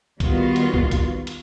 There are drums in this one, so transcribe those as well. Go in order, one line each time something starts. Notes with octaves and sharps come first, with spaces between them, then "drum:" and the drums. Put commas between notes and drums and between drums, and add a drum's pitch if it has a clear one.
D#3 G3 B3 F4 F#4, drum: kick, hi-hat
drum: hi-hat
drum: kick
drum: kick, hi-hat
drum: hi-hat